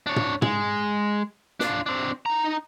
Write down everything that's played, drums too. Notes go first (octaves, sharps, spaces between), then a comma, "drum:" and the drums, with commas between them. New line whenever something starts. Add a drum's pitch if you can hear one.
D4 C#5
drum: tom
G#3, drum: tom
D4 F4, drum: snare
C4 D4
D#4 A#5